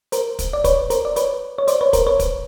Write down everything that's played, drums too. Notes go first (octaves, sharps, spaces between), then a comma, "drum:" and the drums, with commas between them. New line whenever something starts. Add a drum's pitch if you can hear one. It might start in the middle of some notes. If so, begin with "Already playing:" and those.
A#4 C5, drum: hi-hat
drum: kick, hi-hat
D5
B4 C#5, drum: kick, hi-hat
A#4 C5, drum: hi-hat
D5
B4 C#5, drum: hi-hat
C#5
C5 D5, drum: hi-hat
B4 C#5
A#4 C5, drum: kick, hi-hat
B4 C#5
drum: kick, hi-hat